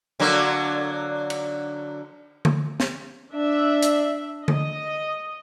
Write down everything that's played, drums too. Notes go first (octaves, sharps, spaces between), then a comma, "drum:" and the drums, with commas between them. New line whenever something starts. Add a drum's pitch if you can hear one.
D3 F#3 A#3
drum: cymbal
drum: tom D3
drum: snare
D4 E5
drum: hi-hat
D#5, drum: tom D3